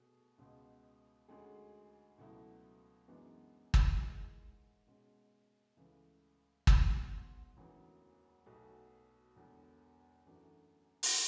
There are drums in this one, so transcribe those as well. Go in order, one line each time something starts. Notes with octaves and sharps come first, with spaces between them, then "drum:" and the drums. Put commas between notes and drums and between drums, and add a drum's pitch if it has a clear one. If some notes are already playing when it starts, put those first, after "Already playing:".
Already playing: B2 A3 G#4
C#2 B2 G#3
D2 D3 G#3 C#4 G#4
C#2 B2 F#3 A3 E4
F#2 E3 G#3 B3 D4
drum: kick
G#2 E3 G#3
B2 G#3 C#4
C#2 C#3 E3 A3
G#2 F#3 B3 F#4, drum: kick
E1 D2 C#3 E3
B1 B2 A3
E1 E2 D3
F#2 E3 A3 D4 F#4
drum: open hi-hat